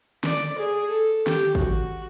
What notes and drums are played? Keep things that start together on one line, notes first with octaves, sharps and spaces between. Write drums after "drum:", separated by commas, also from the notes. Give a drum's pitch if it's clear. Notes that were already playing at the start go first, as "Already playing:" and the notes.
D5, drum: snare
G#4
A4
G4, drum: snare
F#4, drum: kick